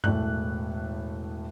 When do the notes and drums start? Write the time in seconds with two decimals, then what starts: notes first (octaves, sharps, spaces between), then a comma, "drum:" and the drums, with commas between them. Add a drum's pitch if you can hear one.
0.04 E1 A2 A3 F#6, drum: tom G2